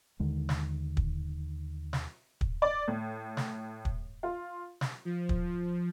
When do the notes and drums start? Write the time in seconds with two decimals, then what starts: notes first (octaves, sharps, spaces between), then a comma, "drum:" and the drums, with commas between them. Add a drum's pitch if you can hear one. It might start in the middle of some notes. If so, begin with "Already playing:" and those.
0.20 D#2 D3 D#3 G#3
0.49 drum: snare
0.97 drum: kick
1.93 drum: snare
2.41 drum: kick
2.62 D5
2.88 A2
3.37 drum: snare
3.85 drum: kick
4.23 F4
4.81 drum: snare
5.05 F3
5.29 drum: kick